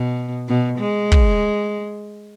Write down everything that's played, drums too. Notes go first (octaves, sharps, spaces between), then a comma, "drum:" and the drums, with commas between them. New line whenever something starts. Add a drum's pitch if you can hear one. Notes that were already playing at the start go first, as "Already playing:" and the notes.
Already playing: B2
B2
G#3
drum: kick